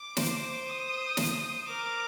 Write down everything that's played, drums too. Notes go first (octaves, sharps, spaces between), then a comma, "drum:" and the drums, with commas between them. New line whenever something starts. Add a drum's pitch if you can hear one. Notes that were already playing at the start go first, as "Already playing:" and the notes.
Already playing: D6
C5, drum: snare
D#6
drum: snare
A#4 D6